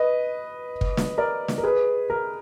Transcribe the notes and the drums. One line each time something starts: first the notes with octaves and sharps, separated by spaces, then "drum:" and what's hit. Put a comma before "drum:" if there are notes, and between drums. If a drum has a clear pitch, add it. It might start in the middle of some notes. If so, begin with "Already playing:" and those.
Already playing: B4 D#5
drum: kick
drum: snare
A#4 D5
drum: snare
A#4
G#4 B4
A#4